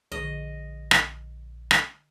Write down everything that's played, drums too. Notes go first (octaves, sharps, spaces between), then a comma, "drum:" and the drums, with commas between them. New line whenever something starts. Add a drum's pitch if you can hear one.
A#1 D3 G#4 D#5
drum: rim click
drum: rim click